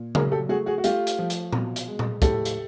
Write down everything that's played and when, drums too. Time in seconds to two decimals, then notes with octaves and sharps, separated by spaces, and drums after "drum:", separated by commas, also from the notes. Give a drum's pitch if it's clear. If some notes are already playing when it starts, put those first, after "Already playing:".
Already playing: A#2
0.15 F#3 G#4 A#4, drum: tom C#3
0.32 G4 A4
0.49 A3 F#4 G#4
0.66 F#4 G#4
0.78 F#4
0.84 A3 F4 G4, drum: hi-hat
1.07 drum: hi-hat
1.19 F3
1.30 drum: hi-hat
1.52 B2, drum: tom A#2
1.76 drum: hi-hat
1.88 G#3
1.99 drum: tom A#2
2.22 A2 G4 A4, drum: kick, hi-hat
2.45 drum: hi-hat